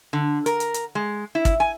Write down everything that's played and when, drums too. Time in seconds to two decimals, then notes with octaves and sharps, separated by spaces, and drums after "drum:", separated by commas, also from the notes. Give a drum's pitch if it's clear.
0.13 D3
0.46 A#4, drum: hi-hat
0.60 drum: hi-hat
0.74 drum: hi-hat
0.95 G#3
1.35 E4
1.45 drum: kick, hi-hat
1.60 G#5